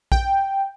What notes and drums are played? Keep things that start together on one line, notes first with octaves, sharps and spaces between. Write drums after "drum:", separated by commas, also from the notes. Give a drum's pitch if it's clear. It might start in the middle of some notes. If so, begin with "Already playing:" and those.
G5, drum: kick A#1